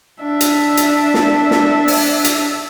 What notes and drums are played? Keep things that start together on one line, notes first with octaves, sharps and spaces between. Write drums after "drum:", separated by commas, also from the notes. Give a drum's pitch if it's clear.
D4 E5
drum: hi-hat
drum: hi-hat
drum: snare
drum: snare
drum: open hi-hat
drum: hi-hat